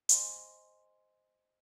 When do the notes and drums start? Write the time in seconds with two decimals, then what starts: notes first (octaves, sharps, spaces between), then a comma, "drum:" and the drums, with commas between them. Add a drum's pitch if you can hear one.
0.09 C5 D#5 F#5 G#5 C6, drum: hi-hat